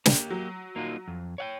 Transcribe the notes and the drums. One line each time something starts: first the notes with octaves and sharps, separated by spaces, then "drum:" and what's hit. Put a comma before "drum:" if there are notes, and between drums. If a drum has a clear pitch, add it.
A#3 G4, drum: snare
F#3
A#3 D#4 F4
F2
C#5 F#5 G5